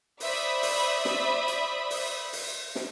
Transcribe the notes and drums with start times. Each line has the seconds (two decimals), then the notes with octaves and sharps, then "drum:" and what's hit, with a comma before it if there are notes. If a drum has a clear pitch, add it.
0.20 C5 D5 E5 B5 D#6, drum: open hi-hat
0.63 drum: open hi-hat
1.05 drum: snare
1.48 drum: hi-hat
1.90 drum: open hi-hat
2.33 drum: open hi-hat
2.75 drum: snare